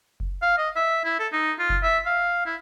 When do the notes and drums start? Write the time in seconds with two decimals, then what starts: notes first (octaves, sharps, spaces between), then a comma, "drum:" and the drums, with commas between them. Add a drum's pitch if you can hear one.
0.20 drum: kick F#1
0.42 F5
0.58 D#5
0.76 E5
1.05 E4
1.19 A4
1.32 D#4
1.59 F4
1.70 drum: kick F#1
1.83 E5
2.06 F5
2.46 E4